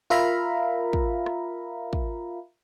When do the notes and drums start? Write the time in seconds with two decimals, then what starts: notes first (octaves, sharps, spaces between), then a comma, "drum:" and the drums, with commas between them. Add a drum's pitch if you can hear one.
0.10 F4 A#4 E5 F5 A#5 B5
0.93 drum: kick
1.26 drum: rim click
1.93 drum: kick